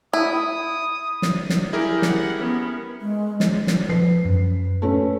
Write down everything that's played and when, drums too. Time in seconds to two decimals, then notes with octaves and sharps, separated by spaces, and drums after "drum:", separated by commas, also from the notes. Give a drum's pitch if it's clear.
0.13 E4 D#6
1.22 drum: snare
1.50 drum: snare
1.73 E4 G4 G#4 A#4 D5
2.02 F#5, drum: snare
2.39 B3 C#4
3.01 G#3
3.40 drum: snare
3.67 drum: snare
3.89 F3 B4 C7
4.25 F#2
4.82 A3 C#4 B4